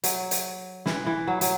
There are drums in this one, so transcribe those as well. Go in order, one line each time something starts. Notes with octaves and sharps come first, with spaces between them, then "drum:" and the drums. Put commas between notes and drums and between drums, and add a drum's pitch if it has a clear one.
F#3, drum: hi-hat
drum: hi-hat
E3, drum: snare
E3
F#3
F#3, drum: hi-hat